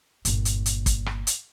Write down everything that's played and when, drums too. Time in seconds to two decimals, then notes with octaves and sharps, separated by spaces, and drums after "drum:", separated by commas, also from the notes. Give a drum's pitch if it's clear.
0.25 G1 A#2, drum: hi-hat
0.45 drum: hi-hat
0.66 drum: hi-hat
0.86 drum: kick, hi-hat
1.06 drum: rim click
1.27 drum: hi-hat